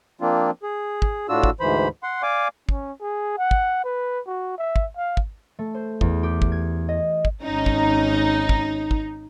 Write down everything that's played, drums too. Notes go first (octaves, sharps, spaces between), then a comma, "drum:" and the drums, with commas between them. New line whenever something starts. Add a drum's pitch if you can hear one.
F3 A#3 C4 D4 F4
G#4
drum: kick
A2 D4 F4 F#4 E6
drum: kick
D2 G#2 E3 C5 B5
F#5 C6
D5 F5 G#5 D6
C#4, drum: kick
G#4
F#5
drum: kick
B4
F#4
E5
drum: kick
F5
drum: kick
A3
C5
E2, drum: kick
G4
drum: kick
G#6
D#5
drum: kick
G#1 C#4 D#4
drum: kick
drum: kick
drum: kick